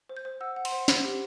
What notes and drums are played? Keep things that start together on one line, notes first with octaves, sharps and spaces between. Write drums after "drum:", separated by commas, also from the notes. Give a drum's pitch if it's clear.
C5
G6
C5
F#5 E6
F#5
C6, drum: cymbal
C5
C5 B5, drum: snare
G4